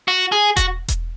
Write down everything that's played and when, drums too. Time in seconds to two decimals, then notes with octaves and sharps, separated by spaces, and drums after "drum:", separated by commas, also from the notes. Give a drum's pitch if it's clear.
0.08 F#4
0.32 G#4
0.57 F#4, drum: kick E1, hi-hat
0.88 drum: kick E1, hi-hat